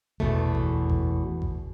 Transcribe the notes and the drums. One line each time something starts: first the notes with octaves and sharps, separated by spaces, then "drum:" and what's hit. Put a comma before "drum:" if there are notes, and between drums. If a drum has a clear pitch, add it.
E2 B2 A3, drum: kick G#1
drum: kick G#1
drum: kick G#1
drum: kick G#1